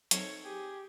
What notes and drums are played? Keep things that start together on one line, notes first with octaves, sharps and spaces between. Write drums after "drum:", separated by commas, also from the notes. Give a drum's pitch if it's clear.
F#3 C4 D#4 A4 C#5, drum: hi-hat
G4 G#4